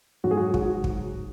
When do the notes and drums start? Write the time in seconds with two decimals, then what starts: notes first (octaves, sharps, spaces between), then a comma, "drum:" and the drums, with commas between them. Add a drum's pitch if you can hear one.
0.24 G#2 F#3 F#4
0.31 G#4
0.37 F#4
0.54 F#4, drum: kick
0.84 drum: kick